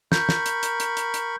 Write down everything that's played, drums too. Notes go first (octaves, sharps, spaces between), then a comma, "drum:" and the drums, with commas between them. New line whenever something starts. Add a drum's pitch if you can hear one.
A#4 B5 C#6 G6, drum: snare
drum: snare
drum: hi-hat
drum: hi-hat
drum: hi-hat
drum: hi-hat
drum: hi-hat